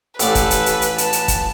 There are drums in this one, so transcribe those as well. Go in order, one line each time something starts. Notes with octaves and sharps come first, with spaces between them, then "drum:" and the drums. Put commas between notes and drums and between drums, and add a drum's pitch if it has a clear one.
A1 G4 A4 B4 D5, drum: hi-hat
drum: kick, hi-hat
drum: hi-hat
drum: hi-hat
drum: hi-hat
A5, drum: hi-hat
drum: hi-hat
drum: kick, hi-hat